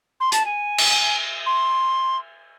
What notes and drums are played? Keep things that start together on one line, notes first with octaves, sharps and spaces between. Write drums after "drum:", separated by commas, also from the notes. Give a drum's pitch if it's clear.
C6
A5, drum: hi-hat
G#5
drum: cymbal
C6